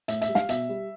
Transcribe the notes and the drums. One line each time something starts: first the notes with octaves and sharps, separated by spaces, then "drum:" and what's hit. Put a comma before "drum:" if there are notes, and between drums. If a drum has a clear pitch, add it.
A2 E5, drum: hi-hat
E5, drum: hi-hat
G3
F5, drum: snare
B2 E5, drum: hi-hat
G3